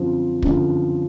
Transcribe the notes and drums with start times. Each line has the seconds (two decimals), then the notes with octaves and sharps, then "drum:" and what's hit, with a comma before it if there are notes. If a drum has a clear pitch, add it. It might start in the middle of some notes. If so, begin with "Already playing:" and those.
Already playing: F#2 D3 F3 C4
0.42 F#2 D3 F3, drum: kick